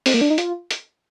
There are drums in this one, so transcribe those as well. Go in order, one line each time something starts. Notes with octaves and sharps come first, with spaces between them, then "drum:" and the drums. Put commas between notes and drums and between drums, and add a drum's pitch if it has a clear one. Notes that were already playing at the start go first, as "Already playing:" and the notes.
C4, drum: open hi-hat
A#3
D4
D#4
F4, drum: hi-hat
drum: hi-hat